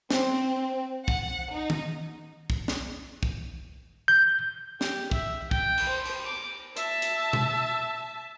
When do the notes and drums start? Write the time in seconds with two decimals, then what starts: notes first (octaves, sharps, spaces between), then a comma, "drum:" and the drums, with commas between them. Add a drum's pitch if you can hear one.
0.11 C4, drum: snare
1.08 F#5, drum: kick
1.55 D#4
1.70 drum: tom D#3
2.50 drum: kick
2.68 drum: snare
3.23 drum: kick
4.08 G6
4.81 G4, drum: snare
5.11 E5, drum: kick
5.51 G5, drum: kick
5.78 drum: cymbal
5.89 C5
6.05 drum: cymbal
6.26 D6
6.77 E5 A5, drum: hi-hat
7.02 drum: hi-hat
7.33 drum: tom B2